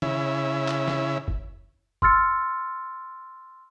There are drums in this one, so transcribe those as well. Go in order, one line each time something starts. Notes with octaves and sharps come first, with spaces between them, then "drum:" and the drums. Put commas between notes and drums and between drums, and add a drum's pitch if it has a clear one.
C#3 E4, drum: tom
drum: clap
drum: snare
drum: kick
C6 E6 F6 A6 C#7, drum: kick